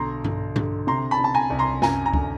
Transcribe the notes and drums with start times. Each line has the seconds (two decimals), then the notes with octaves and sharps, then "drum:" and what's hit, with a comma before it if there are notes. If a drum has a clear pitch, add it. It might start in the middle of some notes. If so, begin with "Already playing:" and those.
Already playing: B1 D3 A#5 C6
0.24 D3, drum: tom G2
0.56 D3, drum: tom G2
0.87 C3 A#5 C6
1.11 A5 B5
1.19 C3
1.24 A5
1.35 G#5 A#5
1.50 C2
1.59 A#5 C6
1.82 F#2 G#5 A#5, drum: snare
2.06 G#5 A#5
2.14 D3, drum: kick C#2